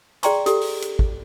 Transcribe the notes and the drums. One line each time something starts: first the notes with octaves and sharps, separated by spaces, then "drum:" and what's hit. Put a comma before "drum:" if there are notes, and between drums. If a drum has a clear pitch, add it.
G#4 D5 G5 A#5 C6 C#6, drum: hi-hat
G4 A4, drum: hi-hat
drum: open hi-hat
drum: hi-hat
drum: kick G#1